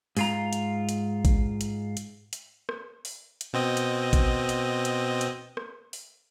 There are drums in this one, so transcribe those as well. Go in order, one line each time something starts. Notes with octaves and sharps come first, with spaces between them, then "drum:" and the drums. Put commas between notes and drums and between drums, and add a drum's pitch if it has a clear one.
G#2 F4 A#5, drum: open hi-hat
drum: hi-hat
drum: hi-hat
drum: kick G#1, hi-hat
drum: hi-hat
drum: hi-hat
drum: hi-hat
drum: rim click
drum: open hi-hat
drum: hi-hat
B2 C4 D#5
drum: hi-hat
drum: kick G#1, hi-hat
drum: hi-hat
drum: hi-hat
drum: hi-hat
drum: rim click
drum: open hi-hat